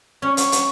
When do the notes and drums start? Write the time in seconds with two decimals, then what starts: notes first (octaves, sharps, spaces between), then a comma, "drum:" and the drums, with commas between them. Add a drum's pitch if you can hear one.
0.22 C#4 C#6
0.37 C#6, drum: hi-hat
0.52 drum: hi-hat